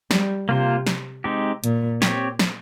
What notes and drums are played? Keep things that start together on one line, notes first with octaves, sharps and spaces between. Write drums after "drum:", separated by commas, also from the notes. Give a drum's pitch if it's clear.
G3, drum: snare
C3 A#3 F4 C5
drum: snare
G#3 C4 D#4 G4
A#2, drum: hi-hat
C4 G4 C#5, drum: snare
drum: snare